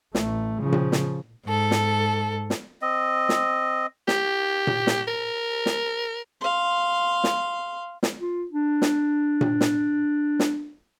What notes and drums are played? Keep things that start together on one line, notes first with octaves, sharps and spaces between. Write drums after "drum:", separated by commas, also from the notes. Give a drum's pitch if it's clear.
A1 A3, drum: snare
C#3 F3
drum: tom A#2
drum: snare
G#2 A4
drum: snare
drum: snare
C4 D#5
drum: snare
G4, drum: snare
drum: tom A#2
drum: snare
A#4
drum: snare
F5 C6
drum: snare
drum: snare
F4
D4
drum: snare
drum: tom A#2
drum: snare
drum: snare